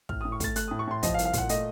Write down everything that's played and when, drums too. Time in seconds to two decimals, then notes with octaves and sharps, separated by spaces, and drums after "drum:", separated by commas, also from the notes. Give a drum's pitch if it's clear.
0.09 A2 F6, drum: kick
0.21 A2 D#6
0.32 C#6
0.40 A3 A6, drum: kick, hi-hat
0.56 A3 F#6, drum: hi-hat
0.68 A2 D#6
0.79 C#6
0.87 A2 C6
1.03 F3 D#5, drum: kick, hi-hat
1.14 F5
1.19 C2, drum: hi-hat
1.25 F5
1.33 A#2 F#5, drum: kick, hi-hat
1.49 A3 D#5, drum: hi-hat